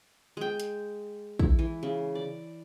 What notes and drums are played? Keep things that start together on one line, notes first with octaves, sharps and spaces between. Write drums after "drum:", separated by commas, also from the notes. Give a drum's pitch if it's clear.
G#3 G5
drum: hi-hat
E4, drum: kick
E3
C#3
D5